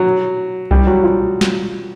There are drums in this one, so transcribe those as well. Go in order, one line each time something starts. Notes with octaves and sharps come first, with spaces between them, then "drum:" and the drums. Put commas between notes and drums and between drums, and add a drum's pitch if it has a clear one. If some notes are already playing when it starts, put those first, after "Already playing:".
Already playing: F#3
G3, drum: kick C2
F#3
F3
drum: snare